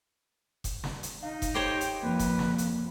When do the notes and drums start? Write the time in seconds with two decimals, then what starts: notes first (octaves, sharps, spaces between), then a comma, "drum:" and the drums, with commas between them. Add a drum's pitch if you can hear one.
0.64 drum: kick F1, hi-hat
0.84 drum: snare
1.03 drum: hi-hat
1.22 D#4 F5
1.42 drum: kick F1, hi-hat
1.54 G4 C5 C#5 D7
1.81 drum: hi-hat
2.02 F2 A#3 B4
2.19 drum: kick F1, hi-hat
2.39 drum: snare
2.58 drum: hi-hat